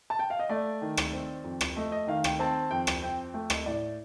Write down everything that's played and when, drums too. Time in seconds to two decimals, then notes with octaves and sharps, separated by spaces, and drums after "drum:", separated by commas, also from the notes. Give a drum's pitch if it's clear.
0.10 A5
0.19 G5
0.30 F5
0.39 D#5
0.49 A3 D5
0.82 D#3
0.97 drum: rim click
1.13 C4
1.44 F2
1.61 drum: rim click
1.76 A3 D#5
1.92 D#5
2.07 D#3 F5
2.24 G5, drum: rim click
2.39 C4 A5
2.71 F2 G5
2.87 drum: rim click
3.02 C4 G5
3.34 A3 G5
3.50 D#5, drum: rim click
3.66 A2 D5